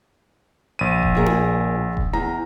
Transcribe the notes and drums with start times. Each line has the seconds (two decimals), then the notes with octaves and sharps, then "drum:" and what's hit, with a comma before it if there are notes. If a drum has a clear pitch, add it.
0.79 A#1 D#7
1.03 drum: kick E1
1.15 A#2 G#4 A#4
1.26 drum: tom E4
1.97 drum: kick E1
2.13 E2 A#5